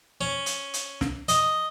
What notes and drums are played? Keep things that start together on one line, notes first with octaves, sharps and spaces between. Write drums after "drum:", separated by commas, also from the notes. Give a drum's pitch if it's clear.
C#4
drum: hi-hat
drum: hi-hat
drum: snare
D#5, drum: hi-hat